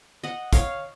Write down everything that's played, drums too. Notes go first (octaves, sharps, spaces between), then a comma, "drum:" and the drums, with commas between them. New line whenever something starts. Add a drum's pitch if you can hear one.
D#5 F#5
C#5 F5, drum: kick, hi-hat